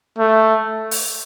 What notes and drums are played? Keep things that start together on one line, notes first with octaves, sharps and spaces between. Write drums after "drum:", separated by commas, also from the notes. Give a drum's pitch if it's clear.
A3
drum: open hi-hat